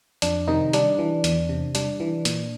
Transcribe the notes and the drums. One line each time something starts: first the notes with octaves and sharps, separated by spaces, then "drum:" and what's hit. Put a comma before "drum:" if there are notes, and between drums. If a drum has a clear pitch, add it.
F2 D4, drum: hi-hat
C3 D#3 D#4
G3 D4, drum: hi-hat
E3
E2, drum: hi-hat
C3
G3 D4, drum: hi-hat
E3
A#2, drum: hi-hat